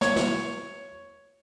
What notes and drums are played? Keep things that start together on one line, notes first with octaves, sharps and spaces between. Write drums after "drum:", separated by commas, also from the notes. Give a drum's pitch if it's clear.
C#5, drum: snare
drum: snare